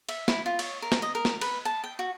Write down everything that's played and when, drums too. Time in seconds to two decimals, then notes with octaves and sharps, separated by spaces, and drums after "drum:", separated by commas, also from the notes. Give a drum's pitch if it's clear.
0.09 E5, drum: cymbal
0.28 E4, drum: snare
0.46 F4
0.59 C#5, drum: cymbal
0.82 A#4
0.92 drum: snare
1.02 D#5
1.15 A#4
1.25 drum: snare
1.41 B4, drum: cymbal
1.65 A5
1.84 G5
1.99 F#4